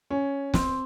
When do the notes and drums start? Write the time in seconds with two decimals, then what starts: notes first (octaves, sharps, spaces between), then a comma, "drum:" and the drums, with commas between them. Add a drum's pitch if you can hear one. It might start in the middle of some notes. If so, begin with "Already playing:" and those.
0.10 C#4
0.54 C4, drum: snare